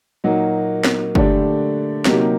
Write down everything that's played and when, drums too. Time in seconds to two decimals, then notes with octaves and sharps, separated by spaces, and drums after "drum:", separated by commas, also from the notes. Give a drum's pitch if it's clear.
0.24 A#2 F#3 A#3 D#4 F#4
0.85 drum: snare
1.15 D3 A3 D4 G4 D5, drum: kick F#1
2.05 C3 F#3 A#3 D#4 G4, drum: snare